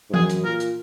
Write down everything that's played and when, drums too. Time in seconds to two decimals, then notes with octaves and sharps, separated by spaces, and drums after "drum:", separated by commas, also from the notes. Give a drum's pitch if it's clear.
0.10 G#2
0.14 F#2 G#4, drum: tom E3
0.30 drum: hi-hat
0.45 A#2 A#4
0.60 drum: hi-hat